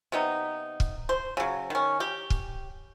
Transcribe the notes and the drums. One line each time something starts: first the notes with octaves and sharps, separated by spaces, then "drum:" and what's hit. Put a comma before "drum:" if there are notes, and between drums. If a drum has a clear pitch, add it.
C3 B3 D#4
drum: kick
C5
C#3 F#3
D#3 C#4
G4
drum: kick